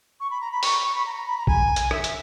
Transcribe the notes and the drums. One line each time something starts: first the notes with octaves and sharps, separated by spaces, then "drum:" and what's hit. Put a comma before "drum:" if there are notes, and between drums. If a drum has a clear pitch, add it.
C#6
B5
A#5
B5
C#6, drum: open hi-hat
C#6
B5
A#5
A#5
B5
A#5
G#5, drum: kick A#1
drum: hi-hat
E5, drum: rim click
E5, drum: hi-hat